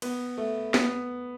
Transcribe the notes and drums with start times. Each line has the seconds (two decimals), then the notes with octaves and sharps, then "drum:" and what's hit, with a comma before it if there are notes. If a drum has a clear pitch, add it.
0.02 B3, drum: cymbal
0.38 A3
0.74 B3, drum: snare